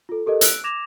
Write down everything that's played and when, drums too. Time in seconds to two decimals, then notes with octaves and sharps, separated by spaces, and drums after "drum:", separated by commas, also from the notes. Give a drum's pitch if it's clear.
0.09 F4 A4
0.26 G4 A4 A#4 D#5
0.41 E6 F#6 D7, drum: hi-hat
0.64 D6 G#6 A#6 E7 F7